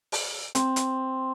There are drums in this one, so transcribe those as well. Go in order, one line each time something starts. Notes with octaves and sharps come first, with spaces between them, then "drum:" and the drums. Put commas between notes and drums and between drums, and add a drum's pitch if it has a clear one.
drum: open hi-hat
C4, drum: hi-hat
drum: hi-hat